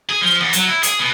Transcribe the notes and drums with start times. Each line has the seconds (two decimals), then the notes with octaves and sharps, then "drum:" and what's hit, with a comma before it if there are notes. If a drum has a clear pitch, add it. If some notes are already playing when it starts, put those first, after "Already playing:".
0.09 G#4
0.21 F3
0.40 E2
0.53 F#3, drum: hi-hat
0.68 E4
0.83 G#4, drum: hi-hat
0.99 B2